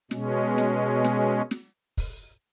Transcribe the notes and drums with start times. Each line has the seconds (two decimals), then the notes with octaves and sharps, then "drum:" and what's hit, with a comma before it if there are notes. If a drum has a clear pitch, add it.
0.11 B2 G#3 C#4, drum: snare
0.58 drum: snare
1.04 drum: snare
1.51 drum: snare
1.97 drum: kick, open hi-hat